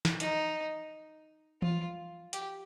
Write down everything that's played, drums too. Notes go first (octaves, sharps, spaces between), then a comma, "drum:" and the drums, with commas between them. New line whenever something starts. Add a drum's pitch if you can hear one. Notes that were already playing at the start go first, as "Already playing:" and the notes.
drum: snare
D#4, drum: hi-hat
F4, drum: tom E3
G4, drum: hi-hat